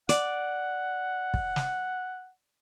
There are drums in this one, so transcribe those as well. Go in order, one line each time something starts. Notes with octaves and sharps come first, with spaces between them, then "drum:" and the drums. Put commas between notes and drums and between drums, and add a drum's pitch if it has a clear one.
D5 F#5, drum: hi-hat
drum: kick
drum: snare